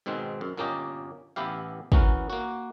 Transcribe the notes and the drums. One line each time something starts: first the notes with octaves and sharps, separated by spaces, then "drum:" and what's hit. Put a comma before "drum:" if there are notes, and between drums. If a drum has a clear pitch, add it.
G#2 B2 D#3 G#3 C4
F#2
G1 A#2 A#3 C#4 G4 D#5
A1 E3 B3 E4 G4 F5
E3 B3 C#4 F#4 A#4, drum: kick
A#3 F#4